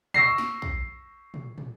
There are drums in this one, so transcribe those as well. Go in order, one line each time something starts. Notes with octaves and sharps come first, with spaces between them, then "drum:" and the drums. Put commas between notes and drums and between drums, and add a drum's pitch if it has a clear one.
C#6 E6 A#6 C7, drum: tom
drum: snare
drum: kick
drum: tom
drum: tom